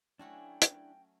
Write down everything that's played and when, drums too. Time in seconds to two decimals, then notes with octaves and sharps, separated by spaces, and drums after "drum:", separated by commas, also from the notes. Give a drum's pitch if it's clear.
0.19 F#3 A3 C#4 D4 E4 F#5 G5
0.62 drum: hi-hat